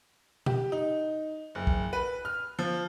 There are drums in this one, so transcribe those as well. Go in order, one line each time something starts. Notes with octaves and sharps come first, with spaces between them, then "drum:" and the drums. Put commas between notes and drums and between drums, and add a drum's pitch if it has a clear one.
G4, drum: tom
D#4
F#1
drum: kick
B4
F6
F3